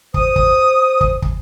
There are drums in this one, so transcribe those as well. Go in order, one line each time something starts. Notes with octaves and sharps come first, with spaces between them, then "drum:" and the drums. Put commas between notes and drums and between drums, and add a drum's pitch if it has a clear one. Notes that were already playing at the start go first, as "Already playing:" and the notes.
C5 D#6, drum: kick
drum: kick
drum: kick
drum: kick